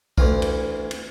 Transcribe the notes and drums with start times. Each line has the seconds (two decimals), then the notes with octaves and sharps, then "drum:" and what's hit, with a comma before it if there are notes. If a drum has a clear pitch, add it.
0.18 D2 E3 F4, drum: kick B1
0.42 drum: cymbal
0.91 drum: cymbal